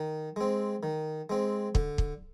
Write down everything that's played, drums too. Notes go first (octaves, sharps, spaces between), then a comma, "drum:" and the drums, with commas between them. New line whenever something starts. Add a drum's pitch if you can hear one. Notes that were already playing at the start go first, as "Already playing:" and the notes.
Already playing: D#3
G#3 C4
D#3
G#3 C4
D3, drum: kick
drum: kick